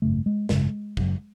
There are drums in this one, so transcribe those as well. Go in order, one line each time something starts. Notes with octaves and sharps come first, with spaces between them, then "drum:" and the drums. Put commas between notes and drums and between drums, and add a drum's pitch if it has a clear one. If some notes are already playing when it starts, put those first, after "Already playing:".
G#1 F#2 C#3 A3
G#3
G#1 F#2 C#3 G#3, drum: snare
F#1 F#2 C#3, drum: kick